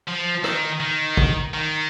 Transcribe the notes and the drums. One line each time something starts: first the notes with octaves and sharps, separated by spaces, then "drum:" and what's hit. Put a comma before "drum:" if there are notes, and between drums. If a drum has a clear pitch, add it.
F3
D#3, drum: rim click
D#3
drum: kick
D#3